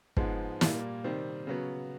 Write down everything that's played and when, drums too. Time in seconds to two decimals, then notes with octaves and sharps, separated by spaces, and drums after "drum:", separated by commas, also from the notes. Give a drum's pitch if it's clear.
0.17 G#2 F3 G#3 B3, drum: kick
0.61 A#2 G3 A#3, drum: snare
1.04 C3 D#3 G3 C4
1.47 C#3 F#3 B3